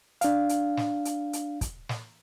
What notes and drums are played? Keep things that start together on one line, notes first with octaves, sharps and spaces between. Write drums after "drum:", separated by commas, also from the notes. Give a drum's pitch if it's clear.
D4 F5, drum: hi-hat
drum: hi-hat
drum: snare
drum: hi-hat
drum: hi-hat
drum: kick, hi-hat
drum: snare